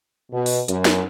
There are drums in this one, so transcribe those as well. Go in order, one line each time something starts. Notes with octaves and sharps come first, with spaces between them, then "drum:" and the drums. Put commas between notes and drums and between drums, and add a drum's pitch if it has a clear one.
B2
drum: open hi-hat
F#2, drum: hi-hat
drum: snare